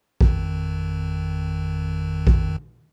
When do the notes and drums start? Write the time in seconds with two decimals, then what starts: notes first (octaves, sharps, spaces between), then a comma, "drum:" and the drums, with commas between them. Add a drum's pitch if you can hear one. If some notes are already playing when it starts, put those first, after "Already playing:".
0.21 G#1 F2 D#3, drum: kick A#1
2.27 drum: kick A#1